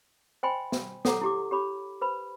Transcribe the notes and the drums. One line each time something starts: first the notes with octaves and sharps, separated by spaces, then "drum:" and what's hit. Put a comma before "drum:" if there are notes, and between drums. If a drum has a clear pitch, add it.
C5 D#5 G5 G#5 B5 C6
drum: snare
A4 C#5 F#5 A#5 D6, drum: snare
E4 G4 D6
G4 C#5 B5 D6
B4 C5 B5